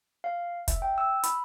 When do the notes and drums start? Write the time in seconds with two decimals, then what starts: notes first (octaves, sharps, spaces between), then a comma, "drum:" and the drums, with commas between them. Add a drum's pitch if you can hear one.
0.24 F5
0.68 E5, drum: kick, hi-hat
0.82 G5
0.98 E6
1.24 B5, drum: hi-hat